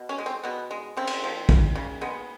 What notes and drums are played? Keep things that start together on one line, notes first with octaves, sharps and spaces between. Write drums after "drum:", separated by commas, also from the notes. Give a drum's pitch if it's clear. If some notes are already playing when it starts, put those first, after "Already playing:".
Already playing: B2
C#4
G#3
C4
B2 B3
G#3
C#3 C4
drum: cymbal
F3
C#3, drum: kick
C#3
G#3 B3